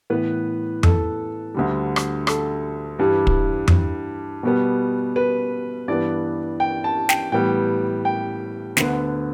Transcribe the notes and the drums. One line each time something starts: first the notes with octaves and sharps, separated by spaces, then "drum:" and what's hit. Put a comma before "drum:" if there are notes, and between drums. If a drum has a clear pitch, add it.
A2 E3 B3 B4
A4, drum: tom F2
D2 D3 G3
drum: rim click
A4, drum: rim click
G2 E3 G3
drum: kick
drum: tom F2
B2 G3 B3
B4
G2 E3 B3 D5
G5
A5
G5, drum: snare
A2 E3 G3 B3 G5
G5
D2 D3 B3, drum: snare